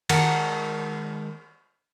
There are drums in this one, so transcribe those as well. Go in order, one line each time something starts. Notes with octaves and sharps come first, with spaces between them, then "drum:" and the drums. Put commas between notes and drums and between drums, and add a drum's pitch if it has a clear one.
D#3 G#3 A#4 F#5 A5, drum: cymbal